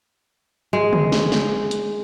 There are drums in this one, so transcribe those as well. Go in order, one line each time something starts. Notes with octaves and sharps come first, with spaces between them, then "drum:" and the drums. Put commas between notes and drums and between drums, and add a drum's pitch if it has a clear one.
G#3
drum: tom
drum: snare
drum: snare
drum: hi-hat